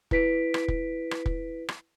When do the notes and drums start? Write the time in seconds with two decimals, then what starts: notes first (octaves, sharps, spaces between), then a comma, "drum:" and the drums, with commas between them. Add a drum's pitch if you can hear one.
0.11 E4 B4 B6 D7, drum: kick
0.54 drum: rim click
0.68 drum: kick
1.11 drum: rim click
1.26 drum: kick
1.69 drum: rim click